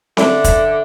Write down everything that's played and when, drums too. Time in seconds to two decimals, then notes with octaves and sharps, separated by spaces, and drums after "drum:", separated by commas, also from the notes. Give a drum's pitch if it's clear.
0.17 D3 D5 E5, drum: snare C4
0.44 drum: kick, hi-hat